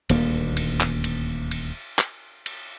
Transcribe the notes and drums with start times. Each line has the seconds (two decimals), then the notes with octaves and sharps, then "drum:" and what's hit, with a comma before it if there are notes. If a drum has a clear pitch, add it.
0.09 D#1 D2 A#3, drum: cymbal
0.57 drum: cymbal
0.80 drum: clap
1.04 drum: cymbal
1.51 drum: cymbal
1.99 drum: clap
2.46 drum: cymbal